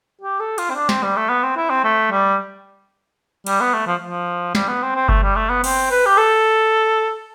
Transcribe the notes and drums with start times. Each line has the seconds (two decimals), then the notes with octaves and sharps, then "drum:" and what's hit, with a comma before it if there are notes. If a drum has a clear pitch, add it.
0.21 G4
0.40 A4
0.58 F4, drum: cymbal
0.70 C4
0.75 D4
0.89 C4, drum: snare
1.03 G3
1.16 A3
1.29 B3
1.43 C4
1.56 E4
1.70 C4
1.84 A3
2.11 G3
3.46 G3, drum: cymbal
3.60 B3
3.73 A3
3.87 F3
4.03 F3
4.55 G3, drum: snare
4.68 B3
4.82 C4
4.95 C4
5.09 A3, drum: kick G1
5.23 G3
5.36 A3
5.49 B3
5.64 C4, drum: cymbal
5.90 B4
6.06 G4
6.17 A4